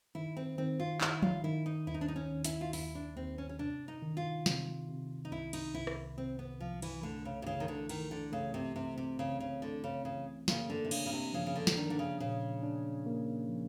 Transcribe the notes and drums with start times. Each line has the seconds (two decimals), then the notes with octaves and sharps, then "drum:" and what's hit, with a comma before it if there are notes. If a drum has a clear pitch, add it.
0.15 D#3 E4
0.37 C4
0.58 D#3 C4
0.80 F4
1.01 D#3 E4, drum: clap
1.22 F4, drum: tom F3
1.44 D#3 E4
1.66 D#4
1.87 D#2 E4
1.94 D#4
2.01 D4
2.08 D#4
2.16 C#4
2.30 D#2
2.44 E4, drum: hi-hat
2.61 F4
2.73 D#2 E4, drum: open hi-hat
2.95 D4
3.16 D#2 C4
3.38 C#4
3.49 C#4
3.59 C3 D4
3.88 D#4
4.02 D#3
4.17 F4
4.46 C3, drum: snare
4.89 C3
5.25 D#4
5.31 C2 E4
5.53 D#4, drum: cymbal
5.74 C2 E4
5.87 drum: rim click
6.17 C3 C4
6.39 B3
6.60 C2 F3
6.82 E3, drum: cymbal
7.03 D3 A3
7.25 C#3
7.42 C3
7.46 C#3 E3
7.60 D#3
7.68 D3
7.89 D#3 E3, drum: cymbal
8.11 D3
8.32 C#3 A3
8.54 C3
8.76 C3 C4
8.98 C3
9.18 C#3 C4
9.40 C#3
9.62 D3 A3
9.84 C#3
10.05 C#3 E3
10.48 C#3 A#3, drum: snare
10.70 D3
10.85 C3
10.91 C#3 D4, drum: cymbal
11.06 C#3
11.13 C3
11.33 C#3 F3
11.46 C#3
11.55 D3
11.67 drum: snare
11.77 D#3 D4
11.90 D3
11.99 C#3
12.20 A#2 C#3
12.63 D4
13.06 A#3
13.49 F3